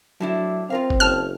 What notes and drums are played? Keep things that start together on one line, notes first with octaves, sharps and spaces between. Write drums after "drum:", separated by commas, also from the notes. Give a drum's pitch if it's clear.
A2 F#3 D4 E4
C4 F4 A#4 F5
drum: kick
F#1 C#5 A5 F6